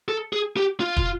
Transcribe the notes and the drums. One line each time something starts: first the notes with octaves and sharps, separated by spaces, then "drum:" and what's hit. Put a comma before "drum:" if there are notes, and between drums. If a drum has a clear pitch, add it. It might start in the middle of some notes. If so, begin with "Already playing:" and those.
A4
G#4
G4
F4
drum: kick